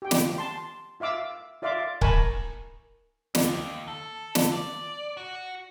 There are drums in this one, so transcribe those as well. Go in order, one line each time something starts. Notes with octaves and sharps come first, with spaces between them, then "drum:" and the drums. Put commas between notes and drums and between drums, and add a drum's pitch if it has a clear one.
G4 G5
drum: snare
A5 C6
F4 E5 F5 D6 E6
F4 D5 E5 F5 C6 D6
A#4 G#5 A5 B5 C#6, drum: kick C#1
D#2, drum: snare
A4
drum: snare
D5
F#4